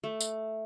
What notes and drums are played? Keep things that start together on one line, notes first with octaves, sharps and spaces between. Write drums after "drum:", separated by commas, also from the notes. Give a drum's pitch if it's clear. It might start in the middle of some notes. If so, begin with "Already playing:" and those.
A3
drum: tambourine